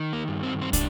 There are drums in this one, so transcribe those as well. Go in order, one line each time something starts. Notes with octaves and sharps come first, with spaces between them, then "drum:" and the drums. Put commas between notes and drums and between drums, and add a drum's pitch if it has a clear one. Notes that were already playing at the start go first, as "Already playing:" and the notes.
Already playing: D#3
A#3
G2
C4
C4
A2 D4, drum: kick, hi-hat